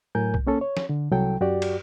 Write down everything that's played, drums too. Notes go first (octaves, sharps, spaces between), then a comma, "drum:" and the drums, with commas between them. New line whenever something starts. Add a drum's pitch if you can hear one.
A2 F#3 A#4 G#5 G6
drum: kick
A#3 C#4 A4
C#5
drum: snare
D3
C2 F#3 A4 G5
F#2 F#4 G4 D5
drum: cymbal